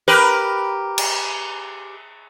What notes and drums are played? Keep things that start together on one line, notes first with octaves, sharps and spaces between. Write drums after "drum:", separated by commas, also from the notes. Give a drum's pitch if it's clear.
G4 A#4 B4
drum: cymbal